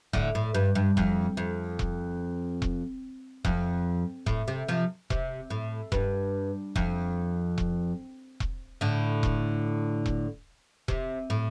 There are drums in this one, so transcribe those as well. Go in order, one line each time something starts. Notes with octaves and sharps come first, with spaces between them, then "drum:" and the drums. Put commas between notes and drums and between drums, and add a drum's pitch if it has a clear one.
A2 D3, drum: kick E1
A2
G2
G2
F2, drum: kick E1
F2
drum: kick E1
drum: kick E1
F2, drum: kick E1
A2, drum: kick E1
C3
C3 F3
C3, drum: kick E1
A2
G2, drum: kick E1
F2, drum: kick E1
drum: kick E1
drum: kick E1
A2 D3
drum: kick E1
drum: kick E1
C3, drum: kick E1
A2